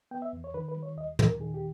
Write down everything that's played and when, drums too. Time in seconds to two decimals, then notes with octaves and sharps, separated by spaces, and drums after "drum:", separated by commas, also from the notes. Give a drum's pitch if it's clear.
0.11 B3 G5
0.22 E5
0.33 E2
0.44 C#5
0.54 D#3 B4
0.69 B4
0.76 G3
0.83 C#5
0.97 D#2 D#5
1.19 D#2, drum: tom
1.26 A#4
1.40 D#3 G#4
1.54 G4